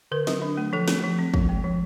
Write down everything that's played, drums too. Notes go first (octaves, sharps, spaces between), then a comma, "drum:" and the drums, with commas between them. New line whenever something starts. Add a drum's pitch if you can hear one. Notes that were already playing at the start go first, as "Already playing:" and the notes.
D3 A#4
F#3, drum: snare
D4
A3
F3 A4
A3, drum: snare
F3
C4
F3, drum: kick
G#3
F3